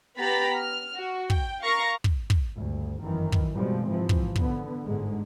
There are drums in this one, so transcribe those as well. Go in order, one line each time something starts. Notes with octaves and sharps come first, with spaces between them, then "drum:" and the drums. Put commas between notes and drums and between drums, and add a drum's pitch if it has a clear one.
B3 G4 A#5 B5 A6 B6
F6
F#4
G5, drum: kick
A#4 F5 A#5 C#6 A#6
drum: kick
drum: kick
G#1 D2 G2
G1 F#2 D#3 E3
drum: kick
B2 D#3 F3 G3 G#3 C4
G#2 C3 E3 F3
drum: kick
D3 B3, drum: kick
G1 G#2 D3 G#3